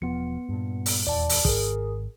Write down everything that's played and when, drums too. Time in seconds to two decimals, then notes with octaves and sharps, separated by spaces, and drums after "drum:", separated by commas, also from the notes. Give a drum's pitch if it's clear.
0.02 E1 F3 B3 C#7
0.49 G2 A#2
0.86 drum: open hi-hat
1.07 D#1 E2 E3 D5 A5
1.29 drum: open hi-hat
1.45 D#1 G#1 G#4 A#4, drum: kick